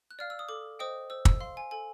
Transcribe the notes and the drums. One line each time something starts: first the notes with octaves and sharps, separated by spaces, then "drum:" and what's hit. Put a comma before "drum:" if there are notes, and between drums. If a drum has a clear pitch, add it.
F#6
D5 F5 F6
E6
D#6
A4 D6
C5 D#5 G5 D#6
C5 E6
E6, drum: kick
F5 C6
G#5
A4 G#5